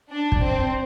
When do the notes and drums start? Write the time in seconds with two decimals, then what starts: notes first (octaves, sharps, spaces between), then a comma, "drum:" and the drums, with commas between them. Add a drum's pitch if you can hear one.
0.11 D4
0.32 drum: kick
0.42 C4